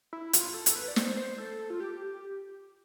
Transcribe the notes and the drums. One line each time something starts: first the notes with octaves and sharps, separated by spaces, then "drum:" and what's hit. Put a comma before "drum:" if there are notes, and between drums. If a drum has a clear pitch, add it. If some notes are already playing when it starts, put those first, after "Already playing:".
E4
F4, drum: hi-hat
A4
drum: hi-hat
B4
D5
C5, drum: snare
C5
A4
F4
G4